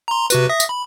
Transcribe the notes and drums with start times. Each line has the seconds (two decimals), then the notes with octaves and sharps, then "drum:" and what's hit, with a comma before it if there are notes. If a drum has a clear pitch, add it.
0.08 A#5 C6
0.30 C3 F#4 B4, drum: tambourine
0.49 E5 D#6 A#6
0.60 drum: tambourine
0.69 B5